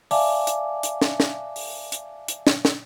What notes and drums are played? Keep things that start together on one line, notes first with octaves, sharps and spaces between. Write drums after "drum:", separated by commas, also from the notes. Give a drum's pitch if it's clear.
D5 E5 F5 G#5 A5 D6, drum: open hi-hat
drum: hi-hat
drum: hi-hat
drum: snare
drum: snare
drum: open hi-hat
drum: hi-hat
drum: hi-hat
drum: snare
drum: snare